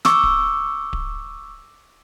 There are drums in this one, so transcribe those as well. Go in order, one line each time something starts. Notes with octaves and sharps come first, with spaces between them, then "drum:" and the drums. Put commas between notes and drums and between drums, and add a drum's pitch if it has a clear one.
C#6 D6 E6, drum: snare
drum: kick D1
drum: kick D1